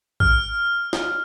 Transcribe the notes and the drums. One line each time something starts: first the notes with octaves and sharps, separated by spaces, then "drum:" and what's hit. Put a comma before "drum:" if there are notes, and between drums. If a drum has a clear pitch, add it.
F6, drum: kick
drum: snare